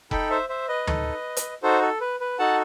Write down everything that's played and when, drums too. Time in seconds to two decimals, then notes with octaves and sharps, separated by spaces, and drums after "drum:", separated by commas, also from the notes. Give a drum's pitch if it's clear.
0.11 D#4 A4 G5 B5, drum: kick F1
0.30 C5 E5
0.49 C5 E5
0.68 B4 D#5
0.87 D#4 A4, drum: tom D2
1.37 drum: hi-hat
1.63 D#4 F#4 A4 C5
1.81 A4
2.01 B4
2.20 B4
2.39 D#4 F#4 A4 F#5 A5